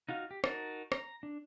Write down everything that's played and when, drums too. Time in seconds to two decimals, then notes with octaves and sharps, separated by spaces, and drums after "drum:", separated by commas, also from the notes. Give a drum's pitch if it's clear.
0.09 D#4 F4 F#4 F5
0.31 G4
0.44 D#4 F#4 A#4 A5, drum: rim click
0.92 A#5, drum: rim click
1.23 D4